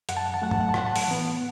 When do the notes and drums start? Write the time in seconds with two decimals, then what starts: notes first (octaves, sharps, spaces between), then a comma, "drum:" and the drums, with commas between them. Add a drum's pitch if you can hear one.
0.09 F#2 F#5, drum: hi-hat
0.17 A5
0.26 F#5
0.34 A5
0.42 F#3 A3 F#5
0.51 A5, drum: tom
0.61 F#5
0.69 A5
0.74 A2 F#5, drum: rim click
0.86 A5
0.96 F#5, drum: open hi-hat
1.08 E3 B3